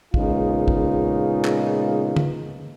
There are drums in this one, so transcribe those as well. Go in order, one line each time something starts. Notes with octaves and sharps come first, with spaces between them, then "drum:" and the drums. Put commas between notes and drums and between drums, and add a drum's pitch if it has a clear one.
A#2 C#3 G#3 B3 D#4 F4, drum: kick
drum: kick
drum: clap
drum: tom